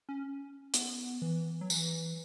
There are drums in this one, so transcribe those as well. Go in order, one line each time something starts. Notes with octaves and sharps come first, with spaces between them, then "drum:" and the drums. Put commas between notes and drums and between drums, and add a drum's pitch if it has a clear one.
C#4
B3, drum: hi-hat
E3
F#3
E3, drum: tambourine